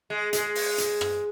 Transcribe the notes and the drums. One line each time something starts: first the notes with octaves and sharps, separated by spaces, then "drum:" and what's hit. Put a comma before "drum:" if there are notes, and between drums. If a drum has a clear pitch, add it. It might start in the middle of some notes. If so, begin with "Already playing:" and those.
G#3
G#3, drum: hi-hat
drum: open hi-hat
drum: hi-hat
drum: rim click